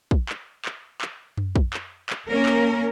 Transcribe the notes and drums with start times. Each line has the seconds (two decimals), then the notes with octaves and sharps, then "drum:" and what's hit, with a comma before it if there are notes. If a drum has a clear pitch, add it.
0.11 drum: kick
0.29 drum: clap
0.65 drum: clap
1.01 drum: clap
1.37 drum: tom F#2
1.56 drum: kick
1.74 drum: clap
2.10 drum: clap
2.28 A#3 C#4 A#4
2.46 drum: clap